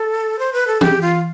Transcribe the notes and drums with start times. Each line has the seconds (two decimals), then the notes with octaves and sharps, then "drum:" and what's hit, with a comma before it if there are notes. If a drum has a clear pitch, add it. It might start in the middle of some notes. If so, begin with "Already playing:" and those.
Already playing: A4
0.39 C5
0.53 B4
0.67 A4
0.81 G4, drum: tom
1.01 F4